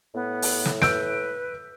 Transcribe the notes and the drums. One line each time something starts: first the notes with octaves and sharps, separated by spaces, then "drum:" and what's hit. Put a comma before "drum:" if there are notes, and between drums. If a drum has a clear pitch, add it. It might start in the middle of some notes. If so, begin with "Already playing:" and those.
A2 B3
drum: open hi-hat
drum: snare
B4 E6 G6 D7, drum: snare